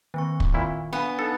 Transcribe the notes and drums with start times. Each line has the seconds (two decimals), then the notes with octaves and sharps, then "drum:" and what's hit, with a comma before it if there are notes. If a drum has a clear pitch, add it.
0.14 D#3 A#3 C4 C#6
0.40 drum: kick
0.53 A#2 E4
0.93 B3 D4 F5 G#5 B5
1.19 D#4 A4